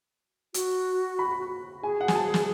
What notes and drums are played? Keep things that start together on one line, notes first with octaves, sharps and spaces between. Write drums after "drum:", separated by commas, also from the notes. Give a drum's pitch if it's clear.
F#4, drum: hi-hat
B5
G#4 G#5
F#5
G#5, drum: snare
A5
drum: snare